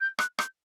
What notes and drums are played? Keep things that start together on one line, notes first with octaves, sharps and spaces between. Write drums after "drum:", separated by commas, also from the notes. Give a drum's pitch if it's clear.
G6
F#6, drum: rim click
G6, drum: rim click